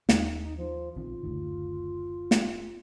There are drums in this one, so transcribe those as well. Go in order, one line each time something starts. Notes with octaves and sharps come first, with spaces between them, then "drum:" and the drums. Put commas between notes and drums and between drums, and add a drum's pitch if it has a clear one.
D#2 D#4, drum: snare
D#4
F3
A#1 D#3 C4 F4
F#1 D2 D#3
drum: snare